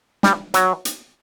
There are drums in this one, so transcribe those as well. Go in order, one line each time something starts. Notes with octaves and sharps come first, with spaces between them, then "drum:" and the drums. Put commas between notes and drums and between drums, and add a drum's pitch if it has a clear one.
G3, drum: snare
F#3, drum: hi-hat
drum: hi-hat